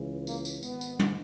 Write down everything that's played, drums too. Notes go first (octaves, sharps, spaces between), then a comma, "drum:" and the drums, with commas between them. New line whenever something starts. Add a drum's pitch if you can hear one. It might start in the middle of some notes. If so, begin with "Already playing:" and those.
Already playing: C#2 C#3 E3
A#3, drum: tambourine
drum: tambourine
G#1 G#2 D#3 B3, drum: tambourine
drum: tambourine
drum: tom